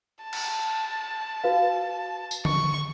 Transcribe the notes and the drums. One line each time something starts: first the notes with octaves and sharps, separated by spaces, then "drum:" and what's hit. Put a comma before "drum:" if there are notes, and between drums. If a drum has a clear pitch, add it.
A5
drum: cymbal
F#4 B4 F5
drum: tambourine
C#6, drum: tom D3